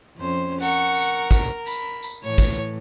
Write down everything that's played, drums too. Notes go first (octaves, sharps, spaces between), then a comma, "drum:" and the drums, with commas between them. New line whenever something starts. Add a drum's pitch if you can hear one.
F2 C#4 C5
A#4 F#5 C#6, drum: tambourine
drum: tambourine
drum: kick, tambourine
B5, drum: tambourine
drum: tambourine
A2 E3 C#5
drum: kick, tambourine